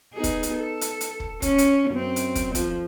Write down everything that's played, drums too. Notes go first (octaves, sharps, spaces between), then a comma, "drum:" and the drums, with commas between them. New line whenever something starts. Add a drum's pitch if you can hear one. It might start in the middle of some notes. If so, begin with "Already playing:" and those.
B3 D#4 G#4
drum: kick, hi-hat
drum: hi-hat
A4
drum: hi-hat
drum: hi-hat
drum: kick
C#4, drum: kick, hi-hat
drum: hi-hat
F#2 C4
drum: hi-hat
drum: kick, hi-hat
F2 F3, drum: kick, hi-hat